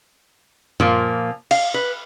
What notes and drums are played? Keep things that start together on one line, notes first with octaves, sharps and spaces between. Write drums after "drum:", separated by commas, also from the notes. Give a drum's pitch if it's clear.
A#2 F3 A#3, drum: tom F#2
F5, drum: cymbal
B4